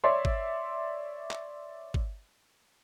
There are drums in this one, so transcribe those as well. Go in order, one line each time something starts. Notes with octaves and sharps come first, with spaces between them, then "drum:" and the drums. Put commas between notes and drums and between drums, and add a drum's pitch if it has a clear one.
C#5 D5 E5 C6
drum: kick
drum: clap
drum: kick